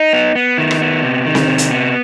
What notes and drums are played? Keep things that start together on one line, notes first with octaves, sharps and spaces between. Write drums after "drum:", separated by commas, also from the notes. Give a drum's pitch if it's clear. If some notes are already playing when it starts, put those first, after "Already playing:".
Already playing: D#4
B3
B3
D#3
drum: rim click
B3
C3
D#3
drum: snare C4
C3
drum: hi-hat
B3